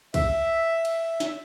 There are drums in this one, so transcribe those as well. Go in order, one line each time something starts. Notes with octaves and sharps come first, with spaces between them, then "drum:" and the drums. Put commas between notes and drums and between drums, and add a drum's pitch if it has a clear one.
E5, drum: kick B1, cymbal
drum: cymbal
drum: snare